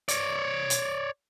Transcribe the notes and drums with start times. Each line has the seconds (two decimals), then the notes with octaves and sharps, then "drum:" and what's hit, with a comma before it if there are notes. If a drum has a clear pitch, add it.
0.08 C#5 D5, drum: hi-hat
0.70 drum: hi-hat